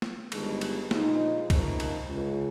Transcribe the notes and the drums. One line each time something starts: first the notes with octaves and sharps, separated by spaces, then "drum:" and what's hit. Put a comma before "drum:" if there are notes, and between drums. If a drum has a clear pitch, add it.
drum: snare
G1 G2 D#3 G#3, drum: cymbal
drum: cymbal
A#1 A#2 F3 G#3 D#4, drum: snare
C#2 C3 F3 A#3 D#4, drum: kick C2, cymbal
drum: cymbal
C#2 C#3 G#3